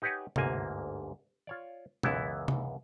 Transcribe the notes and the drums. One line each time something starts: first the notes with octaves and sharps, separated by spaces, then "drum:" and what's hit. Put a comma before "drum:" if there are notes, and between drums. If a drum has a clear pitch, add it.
D#4 G4 B4 C#5 F#5 G#5
G1 D2 G#2 A#3 G#5, drum: tom C3
F4 C#5 D5
C#2 F#2 E3 B3 E4, drum: tom B2
drum: tom C3